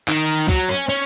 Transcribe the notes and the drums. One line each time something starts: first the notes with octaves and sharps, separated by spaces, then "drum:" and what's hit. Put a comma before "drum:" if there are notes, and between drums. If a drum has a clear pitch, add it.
D#3, drum: clap
F#3, drum: kick C#2
C#4
C#4